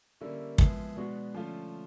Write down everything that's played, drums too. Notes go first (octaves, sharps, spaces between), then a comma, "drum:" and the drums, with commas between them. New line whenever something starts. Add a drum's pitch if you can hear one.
D3 G3 A#3 C#4 E4
F3 G#3 B3 E4 G#4, drum: kick
B2 G#3 B3 D4 F#4
D3 F3 A3 C#4 F4